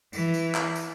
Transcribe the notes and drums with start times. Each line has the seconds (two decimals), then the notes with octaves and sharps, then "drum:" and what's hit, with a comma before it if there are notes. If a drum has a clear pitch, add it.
0.13 E3, drum: tambourine
0.34 drum: tambourine
0.55 drum: clap
0.76 drum: tambourine